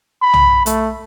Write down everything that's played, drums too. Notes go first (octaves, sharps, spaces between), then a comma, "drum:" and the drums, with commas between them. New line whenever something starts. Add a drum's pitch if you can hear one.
B5
drum: tom
A3, drum: hi-hat